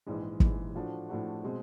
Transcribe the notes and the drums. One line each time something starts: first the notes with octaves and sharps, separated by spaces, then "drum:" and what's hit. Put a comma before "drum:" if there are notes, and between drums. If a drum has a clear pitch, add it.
A#1 G#2 E3 G#3
A#1 G#2 E3 G#3, drum: kick
A2 F3 A3 D4 F#4
A2 F3 A3 D4 F#4
B2 G#3 C4